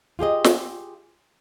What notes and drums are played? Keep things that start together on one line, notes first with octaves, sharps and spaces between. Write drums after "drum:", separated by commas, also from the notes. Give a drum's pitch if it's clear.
F4 G4 G#4 D#5
drum: snare